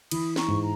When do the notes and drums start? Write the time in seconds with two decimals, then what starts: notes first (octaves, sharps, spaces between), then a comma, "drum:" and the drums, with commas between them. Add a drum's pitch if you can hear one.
0.11 E3 B5 D#6, drum: cymbal
0.36 A#5 C#6, drum: snare
0.48 G#2
0.60 A#5